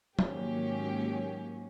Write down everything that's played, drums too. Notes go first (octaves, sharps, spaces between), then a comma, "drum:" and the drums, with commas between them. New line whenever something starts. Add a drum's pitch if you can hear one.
G#2 D#3 F#3 A#3 C#4 G4, drum: tom F3